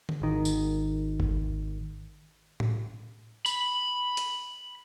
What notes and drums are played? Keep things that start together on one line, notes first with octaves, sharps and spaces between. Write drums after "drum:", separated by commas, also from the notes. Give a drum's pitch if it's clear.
drum: tom D3
G#1 D#3
drum: tambourine
drum: kick G1
drum: tom A2
B5, drum: tambourine
drum: hi-hat